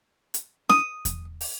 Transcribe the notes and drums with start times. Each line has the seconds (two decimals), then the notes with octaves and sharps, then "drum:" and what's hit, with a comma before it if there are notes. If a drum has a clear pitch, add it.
0.34 drum: hi-hat
0.69 D#6, drum: snare
1.05 drum: kick E2, hi-hat
1.41 drum: open hi-hat